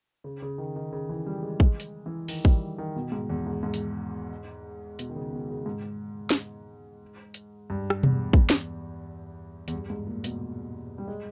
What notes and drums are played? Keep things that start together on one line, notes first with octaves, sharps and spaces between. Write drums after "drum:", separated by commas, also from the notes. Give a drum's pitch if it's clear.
C#3
C#3
D#3
D#3
C#3
E3
G3
G#3
G#3, drum: kick
drum: hi-hat
E3
D#3, drum: open hi-hat
G3, drum: kick
D#3
B2
G#2
E2
G#2
G#2
drum: hi-hat
B2, drum: hi-hat
D#3
C#3
B2
C#3
G#2
drum: snare
drum: hi-hat
G2
drum: rim click
E2, drum: tom B2
drum: kick
drum: snare
E2, drum: hi-hat
G2
G#2
A#2
B2, drum: hi-hat
G3
G#3